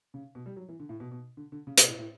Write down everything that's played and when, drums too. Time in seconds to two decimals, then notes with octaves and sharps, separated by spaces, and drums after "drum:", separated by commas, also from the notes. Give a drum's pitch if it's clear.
0.14 C#3
0.35 B2
0.46 G3
0.56 F#3
0.69 E3
0.79 D3
0.89 A2
1.00 B2
1.12 B2
1.37 D3
1.52 D3
1.67 C#3
1.78 B2, drum: hi-hat
1.88 A2
1.98 A2